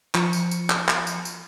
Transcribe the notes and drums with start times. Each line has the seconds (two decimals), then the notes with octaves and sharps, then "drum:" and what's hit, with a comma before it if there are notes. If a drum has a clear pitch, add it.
0.15 F3 C#7, drum: clap
0.33 drum: tambourine
0.51 drum: tambourine
0.70 drum: clap
0.88 drum: clap
1.07 drum: tambourine
1.25 drum: tambourine